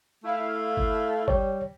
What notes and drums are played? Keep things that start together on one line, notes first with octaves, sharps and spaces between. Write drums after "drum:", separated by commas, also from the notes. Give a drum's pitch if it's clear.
A3 E4 F5
drum: kick G1
G3 C#5, drum: kick G1